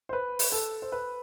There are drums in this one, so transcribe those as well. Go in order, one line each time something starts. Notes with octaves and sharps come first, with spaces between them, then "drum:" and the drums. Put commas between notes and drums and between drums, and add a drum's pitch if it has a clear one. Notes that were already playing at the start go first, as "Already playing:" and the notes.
C5
B4
drum: open hi-hat
A4
C5
B4